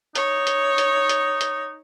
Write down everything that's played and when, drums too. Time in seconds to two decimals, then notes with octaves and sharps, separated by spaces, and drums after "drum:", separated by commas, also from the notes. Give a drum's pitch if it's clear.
0.15 D#4 C#5, drum: hi-hat
0.47 drum: hi-hat
0.78 drum: hi-hat
1.09 drum: hi-hat
1.41 drum: hi-hat